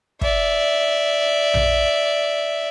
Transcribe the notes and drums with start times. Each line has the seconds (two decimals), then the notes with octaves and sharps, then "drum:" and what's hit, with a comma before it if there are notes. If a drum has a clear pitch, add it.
0.21 D5 E5, drum: kick
1.54 drum: tom A#1